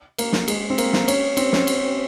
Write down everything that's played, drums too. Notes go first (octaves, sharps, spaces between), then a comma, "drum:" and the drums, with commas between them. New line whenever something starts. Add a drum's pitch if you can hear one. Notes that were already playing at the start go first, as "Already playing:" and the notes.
A#3, drum: cymbal
A#3, drum: snare
G#3, drum: cymbal
C4
A#3, drum: cymbal
A#3, drum: snare
C#4, drum: cymbal
C4, drum: cymbal
C#4, drum: snare
drum: cymbal